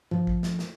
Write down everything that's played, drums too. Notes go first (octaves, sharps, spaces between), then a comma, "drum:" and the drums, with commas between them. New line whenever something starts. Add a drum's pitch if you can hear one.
F3, drum: tom G2
drum: kick A1
drum: snare
drum: snare